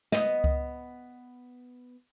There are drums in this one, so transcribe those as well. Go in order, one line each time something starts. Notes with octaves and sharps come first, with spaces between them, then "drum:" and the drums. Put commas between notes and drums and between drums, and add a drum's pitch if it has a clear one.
B3 D#5, drum: snare
drum: kick C#2